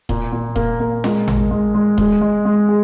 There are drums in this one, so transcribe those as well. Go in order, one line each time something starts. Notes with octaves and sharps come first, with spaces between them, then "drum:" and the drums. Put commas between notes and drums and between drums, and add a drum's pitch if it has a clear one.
A#2, drum: kick D#1
A#2
A#3, drum: kick D#1
A#3
G#3, drum: snare F4
G#3, drum: tom A1
G#3
G#3
G#3, drum: kick D#1
G#3
G#3
G#4